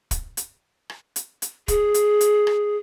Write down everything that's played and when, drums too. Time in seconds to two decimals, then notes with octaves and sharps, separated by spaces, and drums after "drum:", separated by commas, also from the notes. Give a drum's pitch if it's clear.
0.11 drum: kick, hi-hat
0.37 drum: hi-hat
0.90 drum: rim click
1.16 drum: hi-hat
1.42 drum: hi-hat
1.68 G#4, drum: kick, hi-hat
1.94 drum: hi-hat
2.21 drum: hi-hat
2.47 drum: rim click